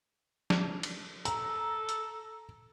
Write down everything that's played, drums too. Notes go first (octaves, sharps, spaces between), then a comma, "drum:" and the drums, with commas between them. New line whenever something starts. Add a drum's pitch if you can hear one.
drum: snare
drum: cymbal
A4 A#5, drum: hi-hat
drum: hi-hat